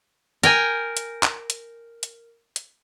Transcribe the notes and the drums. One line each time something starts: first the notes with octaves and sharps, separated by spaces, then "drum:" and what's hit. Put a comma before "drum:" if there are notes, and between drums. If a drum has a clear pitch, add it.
A#4 G5 G#5, drum: hi-hat
drum: hi-hat
drum: clap
drum: hi-hat
drum: hi-hat
drum: hi-hat